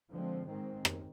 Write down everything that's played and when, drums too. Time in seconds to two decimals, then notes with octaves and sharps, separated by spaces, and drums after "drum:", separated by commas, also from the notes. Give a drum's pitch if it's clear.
0.10 D3 F3 G#3 C4
0.48 G#2 D#3 G#3 C4
0.85 drum: rim click